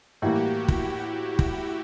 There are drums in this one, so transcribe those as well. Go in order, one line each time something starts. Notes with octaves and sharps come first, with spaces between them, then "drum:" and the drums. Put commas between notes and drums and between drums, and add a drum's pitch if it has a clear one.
A2 E3 G3 A#3 F#4
G4
F#4
E4, drum: kick
drum: kick